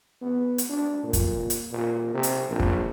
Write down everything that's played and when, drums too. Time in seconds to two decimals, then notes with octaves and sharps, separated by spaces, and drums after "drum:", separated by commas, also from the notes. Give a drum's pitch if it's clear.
0.22 B3
0.58 drum: hi-hat
0.69 D4
1.03 A#2
1.13 drum: kick F2, hi-hat
1.50 drum: hi-hat
1.72 A#2
2.14 C3
2.23 drum: hi-hat
2.49 A#1
2.60 drum: kick F2